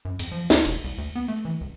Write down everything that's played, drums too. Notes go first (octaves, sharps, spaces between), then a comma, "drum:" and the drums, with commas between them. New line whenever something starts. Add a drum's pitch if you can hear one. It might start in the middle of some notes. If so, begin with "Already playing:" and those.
F#2
F2, drum: cymbal
F3
D2, drum: snare
E1, drum: cymbal
C2
D2
B3
A3
E3
C#2